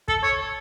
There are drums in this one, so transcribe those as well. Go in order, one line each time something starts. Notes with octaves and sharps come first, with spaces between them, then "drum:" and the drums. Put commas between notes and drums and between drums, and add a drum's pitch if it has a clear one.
A4, drum: kick
C#5